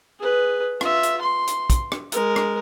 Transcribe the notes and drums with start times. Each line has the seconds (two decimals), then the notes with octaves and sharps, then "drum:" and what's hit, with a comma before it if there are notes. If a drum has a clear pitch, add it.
0.20 G#4 B4
0.81 F4 E5, drum: rim click
1.03 drum: hi-hat
1.22 C6
1.47 drum: hi-hat
1.70 drum: kick, hi-hat
1.92 drum: rim click
2.12 G#3 A#4, drum: hi-hat
2.36 drum: rim click